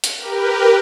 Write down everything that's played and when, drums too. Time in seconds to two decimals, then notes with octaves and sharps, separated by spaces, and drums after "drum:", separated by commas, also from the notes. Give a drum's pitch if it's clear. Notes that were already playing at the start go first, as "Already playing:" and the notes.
0.04 drum: hi-hat
0.15 G4 A#4 B4